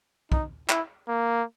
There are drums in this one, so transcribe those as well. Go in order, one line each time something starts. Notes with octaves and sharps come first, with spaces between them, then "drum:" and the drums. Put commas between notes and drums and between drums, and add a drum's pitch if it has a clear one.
D#4, drum: kick
E4, drum: clap
A#3